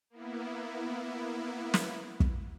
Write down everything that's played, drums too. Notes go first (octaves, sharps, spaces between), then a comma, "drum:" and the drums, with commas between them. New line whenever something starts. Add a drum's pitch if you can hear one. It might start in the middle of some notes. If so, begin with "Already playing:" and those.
A#3 B3 E4
drum: snare
drum: kick